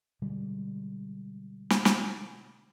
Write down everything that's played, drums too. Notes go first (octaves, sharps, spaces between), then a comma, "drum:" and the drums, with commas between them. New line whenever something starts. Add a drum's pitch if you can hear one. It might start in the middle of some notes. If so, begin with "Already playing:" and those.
B2 D3 G3 G#3
drum: snare
drum: snare